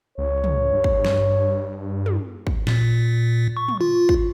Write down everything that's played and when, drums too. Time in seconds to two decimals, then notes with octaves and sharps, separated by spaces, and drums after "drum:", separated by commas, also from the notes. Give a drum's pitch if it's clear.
0.18 C#2 C#5
0.44 drum: tom
0.73 G2
0.84 drum: kick
1.05 drum: snare
2.06 drum: tom
2.47 drum: kick
2.67 A#2, drum: snare
3.57 C#6
3.68 drum: tom
3.81 F4
4.09 drum: kick